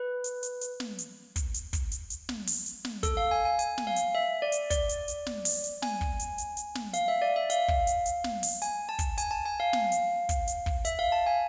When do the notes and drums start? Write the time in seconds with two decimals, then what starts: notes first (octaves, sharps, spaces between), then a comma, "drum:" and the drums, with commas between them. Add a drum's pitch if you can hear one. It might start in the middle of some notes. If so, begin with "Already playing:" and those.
Already playing: B4
0.24 drum: hi-hat
0.43 drum: hi-hat
0.61 drum: hi-hat
0.80 drum: snare
0.98 drum: hi-hat
1.36 drum: kick, hi-hat
1.54 drum: hi-hat
1.73 drum: kick, hi-hat
1.92 drum: hi-hat
2.10 drum: hi-hat
2.29 drum: snare
2.47 drum: open hi-hat
2.66 drum: hi-hat
2.85 drum: snare
3.03 A4, drum: kick, hi-hat
3.17 F5
3.31 G#5
3.45 G#5
3.59 G#5, drum: hi-hat
3.78 drum: snare
3.87 F5
3.96 drum: hi-hat
4.15 E5
4.42 D5
4.52 drum: hi-hat
4.70 D5, drum: kick, hi-hat
4.89 drum: hi-hat
5.08 drum: hi-hat
5.26 drum: snare
5.45 drum: open hi-hat
5.64 drum: hi-hat
5.82 G#5, drum: snare
6.01 drum: kick
6.20 drum: hi-hat
6.38 drum: hi-hat
6.57 drum: hi-hat
6.75 drum: snare
6.94 F5, drum: hi-hat
7.08 E5
7.22 D5
7.36 E5
7.50 F5, drum: hi-hat
7.68 drum: kick
7.87 drum: hi-hat
8.06 drum: hi-hat
8.24 drum: snare
8.43 drum: open hi-hat
8.62 G#5, drum: hi-hat
8.89 A5
8.99 drum: kick, hi-hat
9.18 G#5, drum: hi-hat
9.31 A5
9.46 G#5
9.60 F5
9.73 drum: snare
9.92 drum: hi-hat
10.29 drum: kick, hi-hat
10.47 drum: hi-hat
10.66 drum: kick
10.85 E5, drum: hi-hat
10.99 F5
11.12 A5
11.26 G#5